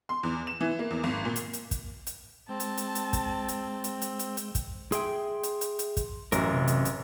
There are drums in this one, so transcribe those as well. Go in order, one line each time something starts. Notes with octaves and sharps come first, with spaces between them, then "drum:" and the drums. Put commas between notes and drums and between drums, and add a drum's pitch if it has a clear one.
C6
E2
E7
E3
A#3
E2
G#1
A#2
drum: hi-hat
drum: hi-hat
drum: kick, hi-hat
drum: hi-hat
G#3 C4 A5 E6 G6
drum: hi-hat
drum: hi-hat
drum: hi-hat
drum: kick, hi-hat
drum: hi-hat
drum: hi-hat
drum: hi-hat
drum: hi-hat
drum: hi-hat
drum: kick, hi-hat
G#4 E5 G5 C6, drum: hi-hat
drum: hi-hat
drum: hi-hat
drum: hi-hat
drum: kick, hi-hat
A1 F#2 F#4 A#4, drum: hi-hat
C3
drum: hi-hat
drum: hi-hat